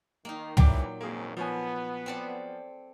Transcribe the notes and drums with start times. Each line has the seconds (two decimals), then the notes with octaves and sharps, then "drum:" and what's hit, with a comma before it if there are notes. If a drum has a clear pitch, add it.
0.25 D#3 A#3 D#4
0.57 E2 A#2 E3 F#3 G5 D6, drum: tom
1.01 G#1 F2 C#3 A#3 G#4
1.37 F3 B3 C#5 G#5
2.06 C4 A4 D5